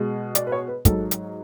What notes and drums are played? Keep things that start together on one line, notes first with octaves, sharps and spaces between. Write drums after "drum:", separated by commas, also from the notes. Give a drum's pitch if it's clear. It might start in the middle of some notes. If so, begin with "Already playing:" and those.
Already playing: B2 G#3
D5, drum: hi-hat
B4
C#5
B4
G#2 F#3 A4, drum: kick, hi-hat
drum: hi-hat